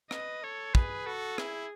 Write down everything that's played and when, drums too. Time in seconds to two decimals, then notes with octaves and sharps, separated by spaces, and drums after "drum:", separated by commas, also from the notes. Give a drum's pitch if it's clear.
0.11 B4 D#5, drum: rim click
0.43 A4 C#5
0.75 G#4 B4, drum: kick
1.07 F#4 A4
1.38 E4 G#4, drum: rim click